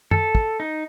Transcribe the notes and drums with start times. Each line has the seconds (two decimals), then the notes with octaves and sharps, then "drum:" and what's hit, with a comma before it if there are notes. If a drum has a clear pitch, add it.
0.11 A4, drum: tom F#2
0.35 drum: kick
0.60 D#4